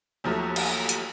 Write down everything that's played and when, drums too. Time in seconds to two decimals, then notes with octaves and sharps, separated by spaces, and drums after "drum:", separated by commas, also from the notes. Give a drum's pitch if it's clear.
0.24 D#2 F3 F#3 A3
0.56 drum: cymbal
0.89 drum: hi-hat